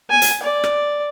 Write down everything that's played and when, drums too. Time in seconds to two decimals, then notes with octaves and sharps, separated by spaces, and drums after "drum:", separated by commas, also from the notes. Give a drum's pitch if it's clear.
0.10 G#5
0.22 drum: hi-hat
0.43 D5
0.64 drum: rim click